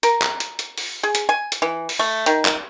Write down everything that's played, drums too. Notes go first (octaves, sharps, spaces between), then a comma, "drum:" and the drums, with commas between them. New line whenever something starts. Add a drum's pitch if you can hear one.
A#4, drum: hi-hat
drum: clap
drum: hi-hat
drum: hi-hat
drum: open hi-hat
G#4
drum: hi-hat
G#5
drum: hi-hat
E3
drum: open hi-hat
A3
D#3, drum: hi-hat
drum: clap